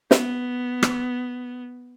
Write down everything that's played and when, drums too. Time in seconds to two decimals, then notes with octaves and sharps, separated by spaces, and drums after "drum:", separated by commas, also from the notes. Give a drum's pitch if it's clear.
0.11 B3, drum: snare
0.83 drum: rim click